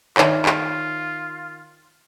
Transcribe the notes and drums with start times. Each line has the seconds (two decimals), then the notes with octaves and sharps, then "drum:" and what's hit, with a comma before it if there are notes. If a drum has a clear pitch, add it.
0.18 D#3 F4 C#5 D5 E5, drum: clap
0.46 drum: clap